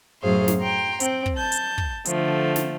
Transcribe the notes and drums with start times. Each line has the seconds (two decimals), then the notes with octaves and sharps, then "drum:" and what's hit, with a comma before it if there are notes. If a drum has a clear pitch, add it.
0.22 F#2 A2 F#3 G#4 C5 F5
0.48 drum: snare
0.58 G5 A#5 C6
1.00 C4 G5, drum: hi-hat
1.26 drum: kick
1.35 A5 G6
1.52 drum: hi-hat
1.78 drum: kick
2.05 D3 F3 A3, drum: hi-hat
2.56 drum: snare